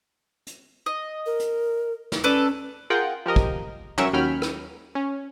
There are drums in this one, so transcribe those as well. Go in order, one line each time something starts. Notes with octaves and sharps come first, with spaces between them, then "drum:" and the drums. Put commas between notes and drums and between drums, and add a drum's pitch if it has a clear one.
drum: hi-hat
D#5
A#4
drum: hi-hat
drum: snare
C#4 A4 B4 D5
F4 G#4 A#4 F#5 G5
F3 G4 A#4 D#5
drum: kick
F#3 C#4 A#4 E5 C#6 E7, drum: tom
D#2 F#3 C#4 G5 B5 F6
drum: rim click
C#4